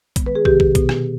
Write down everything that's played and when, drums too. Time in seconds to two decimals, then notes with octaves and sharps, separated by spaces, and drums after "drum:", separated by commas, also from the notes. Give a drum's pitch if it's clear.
0.16 D#3 G#3 B3, drum: kick, hi-hat
0.26 B4
0.35 G#4
0.45 C3 D#3 B3 G4, drum: kick
0.60 drum: kick
0.75 B2 B3, drum: kick, hi-hat
0.89 drum: rim click